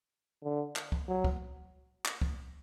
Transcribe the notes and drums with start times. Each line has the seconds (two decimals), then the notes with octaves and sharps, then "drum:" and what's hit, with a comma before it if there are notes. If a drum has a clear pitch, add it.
0.43 D3
0.76 drum: clap
0.92 drum: kick
1.08 F#3
1.24 drum: kick
2.05 drum: clap
2.22 drum: kick